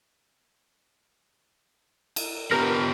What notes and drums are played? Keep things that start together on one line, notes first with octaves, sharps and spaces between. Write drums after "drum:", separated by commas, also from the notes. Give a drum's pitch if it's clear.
drum: cymbal
B3 G4 A#4 B4